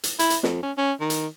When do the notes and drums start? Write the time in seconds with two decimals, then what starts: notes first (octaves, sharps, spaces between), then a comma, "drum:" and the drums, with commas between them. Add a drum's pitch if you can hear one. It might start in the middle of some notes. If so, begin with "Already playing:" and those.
0.04 drum: hi-hat
0.19 E4, drum: hi-hat
0.30 drum: hi-hat
0.43 F2, drum: snare
0.63 C#4
0.78 C#4
1.00 D#3
1.10 drum: hi-hat